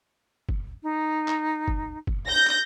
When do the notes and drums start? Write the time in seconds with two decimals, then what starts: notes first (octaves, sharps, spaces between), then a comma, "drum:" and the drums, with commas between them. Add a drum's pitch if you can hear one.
0.49 drum: kick
0.83 D#4
1.28 drum: clap
1.68 drum: kick
2.07 drum: kick
2.27 G6 A#6
2.47 drum: clap